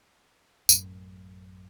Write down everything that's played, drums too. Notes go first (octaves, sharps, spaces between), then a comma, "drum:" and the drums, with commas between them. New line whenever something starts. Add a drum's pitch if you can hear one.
A1 F#2, drum: tambourine